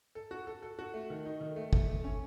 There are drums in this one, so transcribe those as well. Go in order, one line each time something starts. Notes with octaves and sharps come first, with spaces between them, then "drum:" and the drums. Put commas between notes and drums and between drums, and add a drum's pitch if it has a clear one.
A4
F#4
A4
A4
F#4
A3
D#3
D#4
D#3
A3
A3, drum: kick
A3
C#4